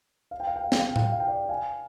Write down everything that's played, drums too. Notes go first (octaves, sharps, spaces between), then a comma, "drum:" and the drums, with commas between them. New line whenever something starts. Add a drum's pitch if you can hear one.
F5
G5
F5
G5
F5
G5, drum: snare
F5
G5
F5, drum: tom A2
G5
F5
G5
D5 F5
F5 G#5